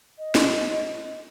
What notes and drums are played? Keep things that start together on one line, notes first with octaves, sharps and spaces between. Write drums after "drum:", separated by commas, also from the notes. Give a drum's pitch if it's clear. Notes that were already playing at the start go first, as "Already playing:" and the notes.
D#5
drum: snare